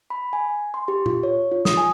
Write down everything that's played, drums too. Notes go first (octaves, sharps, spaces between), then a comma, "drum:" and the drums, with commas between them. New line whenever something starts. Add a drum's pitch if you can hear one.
B5
G#5
C6
G4
F4, drum: tom A#2
C#5
F4
D#6, drum: snare
G#5